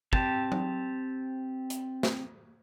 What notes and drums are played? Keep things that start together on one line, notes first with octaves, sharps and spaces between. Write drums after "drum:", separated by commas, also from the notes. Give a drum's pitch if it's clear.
C4 G4 A5, drum: kick
drum: tom F#3
drum: hi-hat
drum: snare